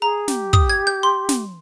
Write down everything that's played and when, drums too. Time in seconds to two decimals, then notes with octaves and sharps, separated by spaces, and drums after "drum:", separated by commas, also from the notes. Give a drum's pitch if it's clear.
0.02 G#4 A#5
0.28 G4, drum: snare
0.53 D#6, drum: kick
0.70 G#6
0.87 G6
1.03 C6
1.29 drum: snare